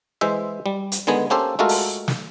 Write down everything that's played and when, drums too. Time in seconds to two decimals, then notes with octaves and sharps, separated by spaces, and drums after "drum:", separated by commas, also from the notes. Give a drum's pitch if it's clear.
0.21 E3 G#3 C5 E5
0.66 G3
0.92 drum: hi-hat
1.07 D3 D#3 G#3 B3 G#5
1.30 A#3 C#4 G4 A4 C5
1.59 G#3 A3 F4 F#4 A4 A#4
1.69 drum: open hi-hat
2.08 drum: snare